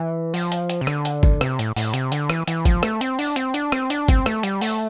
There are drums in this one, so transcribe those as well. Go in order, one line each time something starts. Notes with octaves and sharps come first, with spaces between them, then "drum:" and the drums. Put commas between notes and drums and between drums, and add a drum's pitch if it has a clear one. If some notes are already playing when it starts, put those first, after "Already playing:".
Already playing: E3
F3, drum: open hi-hat
drum: hi-hat
drum: hi-hat
C3
D3, drum: rim click
drum: hi-hat
drum: kick
C3, drum: rim click
A2, drum: hi-hat
A2, drum: open hi-hat
C3, drum: hi-hat
D3, drum: hi-hat
E3, drum: rim click
E3, drum: hi-hat
F3, drum: kick, hi-hat
A3, drum: rim click
C4, drum: hi-hat
D4, drum: open hi-hat
C4, drum: hi-hat
D4, drum: hi-hat
C4, drum: rim click
D4, drum: hi-hat
C4, drum: kick, hi-hat
A3, drum: rim click
G3, drum: hi-hat
A3, drum: open hi-hat